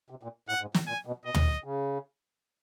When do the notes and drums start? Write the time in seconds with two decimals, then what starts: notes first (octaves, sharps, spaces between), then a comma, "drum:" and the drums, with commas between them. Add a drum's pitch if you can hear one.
0.10 C3
0.23 A#2
0.49 A2 F#5
0.61 G#2
0.74 A2, drum: snare
0.87 A#2 G#5
1.06 B2
1.25 B2 D#5
1.34 A#2, drum: tom
1.44 A2
1.64 C#3